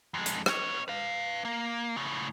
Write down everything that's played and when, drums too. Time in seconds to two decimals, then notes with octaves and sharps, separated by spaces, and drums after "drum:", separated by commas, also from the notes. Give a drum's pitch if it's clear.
0.14 F2 G#3
0.26 drum: hi-hat
0.46 B3 C#5, drum: rim click
0.88 B4 F5
1.45 A#3
1.97 A2 C#3